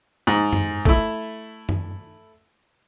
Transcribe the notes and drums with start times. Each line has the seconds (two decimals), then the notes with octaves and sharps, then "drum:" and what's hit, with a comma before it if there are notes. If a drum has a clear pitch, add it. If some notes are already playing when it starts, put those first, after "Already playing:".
0.27 G#2
0.53 drum: tom F#2
0.85 A3 E4, drum: kick A#1
1.69 drum: tom F#2